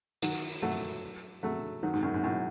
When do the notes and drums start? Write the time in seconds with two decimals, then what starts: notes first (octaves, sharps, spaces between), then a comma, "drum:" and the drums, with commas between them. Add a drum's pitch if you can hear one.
0.22 D#3 F#3, drum: hi-hat
0.62 F#3 A3
1.43 F#3 A3
1.83 D#3 F#3
1.94 G#2
2.03 F#2
2.14 G#2
2.23 F#2 A2